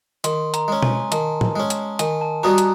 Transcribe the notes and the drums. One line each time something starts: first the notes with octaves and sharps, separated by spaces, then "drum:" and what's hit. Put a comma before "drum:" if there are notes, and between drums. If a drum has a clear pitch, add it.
D#3 C6, drum: hi-hat
A#5, drum: hi-hat
G#3 C#4
G#5, drum: tom B2
D#3 A5, drum: hi-hat
drum: tom
G#3 C#4
drum: hi-hat
D#3 G#5, drum: hi-hat
A5
G3 B3 D#4 F#4 A#5
drum: hi-hat